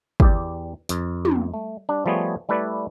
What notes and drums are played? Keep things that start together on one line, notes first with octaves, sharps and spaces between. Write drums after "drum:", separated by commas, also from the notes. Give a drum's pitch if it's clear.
E2 G4 D5, drum: kick
F2, drum: hi-hat
drum: tom
A3
G3 D4
F3 G3 A3 B3 G#4 C#5
G3 A3 E4 B4 D5